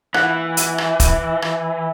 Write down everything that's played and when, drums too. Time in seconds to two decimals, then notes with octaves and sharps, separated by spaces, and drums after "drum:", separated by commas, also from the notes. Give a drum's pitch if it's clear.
0.14 E3 F#5, drum: rim click
0.57 drum: hi-hat
0.78 drum: rim click
1.00 drum: kick, hi-hat
1.42 drum: rim click